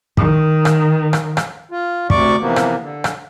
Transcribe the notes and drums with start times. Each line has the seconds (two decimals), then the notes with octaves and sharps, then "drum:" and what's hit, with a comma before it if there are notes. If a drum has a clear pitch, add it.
0.17 D#3, drum: kick
0.65 drum: rim click
1.13 drum: rim click
1.37 drum: rim click
1.71 F4
2.10 D2 C3 D5 C#6 D6, drum: kick
2.41 C3 E3 F3 A#3 B3
2.56 drum: rim click
2.81 D3
3.04 drum: rim click